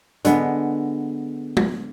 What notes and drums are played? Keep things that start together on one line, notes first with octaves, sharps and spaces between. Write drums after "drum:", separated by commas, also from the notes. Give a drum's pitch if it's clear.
D3 G#3 B3, drum: hi-hat
drum: tom G#3